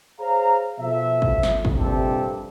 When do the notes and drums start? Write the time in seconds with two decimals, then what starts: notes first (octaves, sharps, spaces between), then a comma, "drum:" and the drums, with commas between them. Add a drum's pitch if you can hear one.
0.20 G#4 C5 C#5 F5 A#5
0.79 B2 F3 A4 E5
1.22 drum: kick
1.43 drum: snare
1.65 drum: kick
1.77 A#1 G2 C3 C4 G4 A4